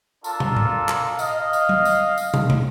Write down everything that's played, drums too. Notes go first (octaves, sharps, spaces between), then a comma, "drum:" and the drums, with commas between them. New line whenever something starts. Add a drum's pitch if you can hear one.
D4 F4 A4 A#4, drum: tambourine
drum: tom
drum: tom A2
drum: clap
D#5 F5, drum: tambourine
drum: tambourine
drum: tom
drum: tambourine
drum: tambourine
drum: tom
drum: tom